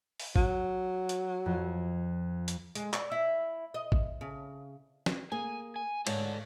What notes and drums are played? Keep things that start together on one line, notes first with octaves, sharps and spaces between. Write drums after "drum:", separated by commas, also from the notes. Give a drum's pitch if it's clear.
drum: open hi-hat
F#3, drum: kick A1
drum: hi-hat
F2
drum: hi-hat
G#3, drum: hi-hat
D5, drum: clap
E4
D#5
drum: kick A1
C#3
drum: snare
A#3 G#4 G#5
G#5
G#2 A4 C#5 D5, drum: cymbal